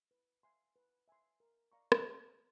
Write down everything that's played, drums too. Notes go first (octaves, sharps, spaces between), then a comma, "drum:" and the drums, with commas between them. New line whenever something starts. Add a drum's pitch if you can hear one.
B4
E5 G#5 C6
B4
E5 G#5 C6
A#4
D5 F5 A#5 C#6
drum: rim click
A#4